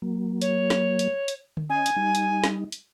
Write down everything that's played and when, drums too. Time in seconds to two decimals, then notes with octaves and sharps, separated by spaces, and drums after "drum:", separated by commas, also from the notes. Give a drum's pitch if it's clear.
0.02 F#3 A#3
0.41 C#5, drum: hi-hat
0.70 drum: snare
0.99 drum: hi-hat
1.28 drum: hi-hat
1.57 drum: tom D3
1.70 C#4 D#5 G#5
1.86 drum: hi-hat
1.96 G3 D#4
2.15 drum: hi-hat
2.44 drum: snare
2.72 drum: hi-hat